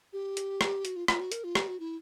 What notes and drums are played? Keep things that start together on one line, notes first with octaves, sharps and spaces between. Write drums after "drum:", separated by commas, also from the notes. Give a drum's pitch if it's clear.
G4
drum: hi-hat
drum: rim click
F#4, drum: hi-hat
F4
F4, drum: rim click
F#4
A#4, drum: hi-hat
F4
G4, drum: rim click
F#4
E4